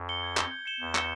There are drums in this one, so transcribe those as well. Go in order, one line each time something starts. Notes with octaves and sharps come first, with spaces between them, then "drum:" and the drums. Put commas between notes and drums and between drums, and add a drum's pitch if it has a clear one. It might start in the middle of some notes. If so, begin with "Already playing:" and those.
Already playing: F2
C#7 G7
G#6
C#7 G7, drum: clap
G6
C#7 E7 G7
E2 G6
C#7 E7 G7, drum: clap